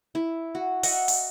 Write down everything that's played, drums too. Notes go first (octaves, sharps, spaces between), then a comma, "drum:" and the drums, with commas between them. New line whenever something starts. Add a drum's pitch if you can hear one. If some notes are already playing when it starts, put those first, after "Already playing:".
E4
F#4
D#5 E5 F#5, drum: open hi-hat
drum: open hi-hat